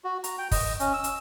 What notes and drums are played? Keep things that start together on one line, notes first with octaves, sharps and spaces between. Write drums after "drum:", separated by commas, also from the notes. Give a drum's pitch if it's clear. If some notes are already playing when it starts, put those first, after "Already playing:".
F#4
A#5, drum: hi-hat
G5
D#5, drum: kick, open hi-hat
C#4, drum: hi-hat
E6
drum: hi-hat